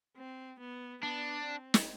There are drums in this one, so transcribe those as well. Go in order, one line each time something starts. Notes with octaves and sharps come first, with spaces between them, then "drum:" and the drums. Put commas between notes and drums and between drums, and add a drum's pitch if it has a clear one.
C4
B3
B3 D4
C4
drum: snare